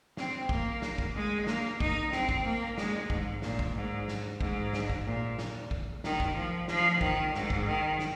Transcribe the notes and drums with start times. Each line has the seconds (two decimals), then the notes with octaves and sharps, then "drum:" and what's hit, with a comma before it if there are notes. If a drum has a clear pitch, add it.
0.17 C4, drum: snare
0.49 A#3, drum: kick A#1
0.82 drum: snare
0.98 drum: kick A#1
1.15 G#3
1.47 A#3, drum: snare
1.80 D#4, drum: kick A#1
2.13 C4, drum: snare
2.29 drum: kick A#1
2.45 A#3
2.78 G#3, drum: snare
3.10 G#2, drum: kick A#1
3.42 A#2, drum: snare
3.59 drum: kick A#1
3.76 G#2
4.08 drum: snare
4.41 G#2, drum: kick A#1
4.73 drum: snare
4.90 drum: kick A#1
5.06 A#2
5.38 drum: snare
5.71 drum: kick A#1
6.04 D#3, drum: snare
6.20 drum: kick A#1
6.36 F3
6.68 F3, drum: snare
7.01 D#3, drum: kick A#1
7.34 G#2, drum: snare
7.50 drum: kick A#1
7.66 D#3
7.99 drum: snare